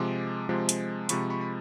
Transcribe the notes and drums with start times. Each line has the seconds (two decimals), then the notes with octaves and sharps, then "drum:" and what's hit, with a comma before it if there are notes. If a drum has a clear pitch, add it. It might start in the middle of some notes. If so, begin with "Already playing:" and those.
Already playing: C3 F3 G#3 C6 D6
0.49 C3 F3 G#3
0.69 drum: hi-hat
1.09 C3 F3 G#3 B5 C#6, drum: hi-hat
1.30 B5 C#6
1.41 B5